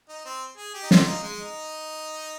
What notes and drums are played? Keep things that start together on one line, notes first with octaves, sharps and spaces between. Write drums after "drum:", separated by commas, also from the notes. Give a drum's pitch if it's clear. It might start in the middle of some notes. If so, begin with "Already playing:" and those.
D#4
C4
G#4
G4
D#4
F4, drum: snare
D#4
G#3
D#4